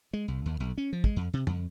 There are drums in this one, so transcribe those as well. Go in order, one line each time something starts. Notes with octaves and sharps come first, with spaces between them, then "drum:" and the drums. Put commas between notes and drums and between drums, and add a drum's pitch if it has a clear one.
G#3
C2
D#2
B1
C#4
F3
G#3, drum: kick
F2
C3
F2, drum: tom F2